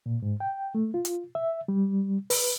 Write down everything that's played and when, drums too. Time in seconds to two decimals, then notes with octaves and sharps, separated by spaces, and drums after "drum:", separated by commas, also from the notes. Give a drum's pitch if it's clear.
0.06 A#2
0.22 G#2
0.40 G5
0.75 A3
0.94 F4
1.05 drum: hi-hat
1.35 E5
1.68 G3
2.30 B4, drum: open hi-hat